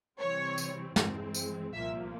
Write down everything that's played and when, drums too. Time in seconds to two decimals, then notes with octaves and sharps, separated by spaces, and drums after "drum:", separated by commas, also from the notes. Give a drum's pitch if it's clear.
0.19 C3 E3 G3 C4 C#5
0.58 drum: tambourine
0.96 G2 E3 G#3 C4, drum: snare
1.35 drum: tambourine
1.72 C2 A#2 F3 A#3 E5